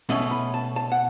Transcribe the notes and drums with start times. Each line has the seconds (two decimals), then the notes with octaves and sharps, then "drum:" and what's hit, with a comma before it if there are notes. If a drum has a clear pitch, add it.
0.09 B2 A3 C#4 D#5, drum: open hi-hat
0.31 B5
0.54 A5
0.76 A5
0.92 F#5